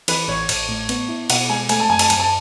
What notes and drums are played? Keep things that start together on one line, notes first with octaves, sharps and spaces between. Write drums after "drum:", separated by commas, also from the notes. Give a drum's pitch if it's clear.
E3 B4, drum: cymbal
A1 C#5
A1, drum: cymbal
A2
B3, drum: cymbal
E4
B2 F#5, drum: cymbal
G#3 G#5
A3 G#5, drum: cymbal
A5
F#2 G#5
A5, drum: cymbal
F#2 G#5, drum: cymbal
A5